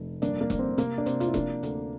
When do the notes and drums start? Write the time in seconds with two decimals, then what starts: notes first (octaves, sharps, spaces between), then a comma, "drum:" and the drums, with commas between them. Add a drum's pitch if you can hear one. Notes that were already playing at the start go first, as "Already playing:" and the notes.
Already playing: F1
0.22 G1 A#3 D4, drum: hi-hat
0.41 A#3
0.50 G1, drum: kick E1, hi-hat
0.59 C4
0.78 C3 A#3, drum: hi-hat
0.98 D4
1.06 C3 C4, drum: hi-hat
1.20 F4, drum: hi-hat
1.27 E4
1.34 F3 A#3 D4, drum: kick E1, hi-hat
1.63 D2, drum: hi-hat